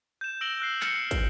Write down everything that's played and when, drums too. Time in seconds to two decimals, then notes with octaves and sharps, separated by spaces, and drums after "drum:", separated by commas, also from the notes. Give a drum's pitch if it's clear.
0.21 G6 E7
0.41 E6 A#6 D7 F#7 G7
0.60 E6 F#6 C7
0.81 F6 C#7 E7, drum: clap
1.11 drum: kick, hi-hat